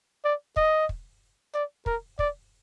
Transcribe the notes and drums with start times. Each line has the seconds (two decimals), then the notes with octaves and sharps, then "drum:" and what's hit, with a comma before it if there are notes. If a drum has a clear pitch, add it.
0.24 D5
0.56 D#5, drum: kick
0.89 drum: kick
1.54 D5
1.86 A#4, drum: kick
2.19 D5, drum: kick